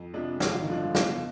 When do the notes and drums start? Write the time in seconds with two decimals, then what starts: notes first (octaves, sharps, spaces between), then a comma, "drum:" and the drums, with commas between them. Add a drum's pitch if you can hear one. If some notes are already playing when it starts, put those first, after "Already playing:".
Already playing: F2
0.14 C3 F3 G#3 D4
0.40 G#1 G3, drum: snare
0.49 F3
0.60 D#3
0.67 G2 D3 F3 G#3 D4
0.95 B2, drum: snare